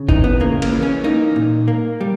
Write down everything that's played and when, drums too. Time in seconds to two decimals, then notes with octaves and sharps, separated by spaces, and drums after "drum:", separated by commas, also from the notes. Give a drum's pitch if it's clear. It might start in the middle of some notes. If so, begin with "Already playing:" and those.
Already playing: C#3
0.09 E3 D#4, drum: kick G#1
0.24 B3
0.40 C#3 A#3
0.62 A#3, drum: cymbal
0.72 E3
0.83 C#4
1.04 A#3 D#4
1.36 A#2
1.68 A#3
2.01 G3